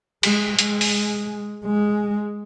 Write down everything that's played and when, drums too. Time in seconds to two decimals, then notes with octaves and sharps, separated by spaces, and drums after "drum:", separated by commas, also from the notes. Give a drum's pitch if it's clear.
0.23 G#3, drum: cymbal
0.59 G#3, drum: hi-hat
0.81 drum: open hi-hat
1.66 G#3